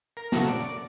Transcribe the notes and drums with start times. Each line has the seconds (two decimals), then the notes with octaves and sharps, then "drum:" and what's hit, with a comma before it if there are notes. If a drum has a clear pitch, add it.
0.17 A#4
0.32 C#3 F#3 A3, drum: snare
0.49 D5